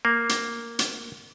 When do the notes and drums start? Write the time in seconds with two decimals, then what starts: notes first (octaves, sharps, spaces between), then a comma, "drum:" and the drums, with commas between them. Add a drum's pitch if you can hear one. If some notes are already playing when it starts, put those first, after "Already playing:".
0.05 A#3
0.29 drum: hi-hat
0.79 drum: hi-hat